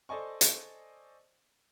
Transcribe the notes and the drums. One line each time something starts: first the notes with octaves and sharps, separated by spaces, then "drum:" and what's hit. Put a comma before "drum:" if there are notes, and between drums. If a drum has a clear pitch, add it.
A4 C5 D5 D#5 G#5 C#6
drum: hi-hat